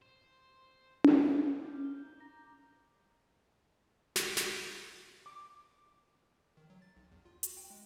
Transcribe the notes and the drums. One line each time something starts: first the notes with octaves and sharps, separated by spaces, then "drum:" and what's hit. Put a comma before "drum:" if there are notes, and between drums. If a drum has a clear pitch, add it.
C5
drum: tom C#4
C#4 D6 G6
G7
D#4
A#5 A#6
drum: snare
drum: snare
D6
D#3
F#3
A6
B1
E2
F4
F#4, drum: hi-hat
G5
G#3